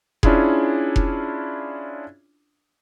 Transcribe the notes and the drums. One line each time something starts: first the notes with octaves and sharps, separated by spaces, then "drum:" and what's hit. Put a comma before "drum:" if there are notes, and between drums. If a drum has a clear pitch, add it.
C#4 D4 E4 F4 G#4, drum: kick F1
drum: kick F1